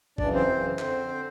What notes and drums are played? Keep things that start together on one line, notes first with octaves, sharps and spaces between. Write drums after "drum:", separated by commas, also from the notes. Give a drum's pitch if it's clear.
F#2 C#3 E3 D4 D5, drum: kick
C4 C5
F#2 C#3 E3
F2 D3 C4 C5, drum: clap
D3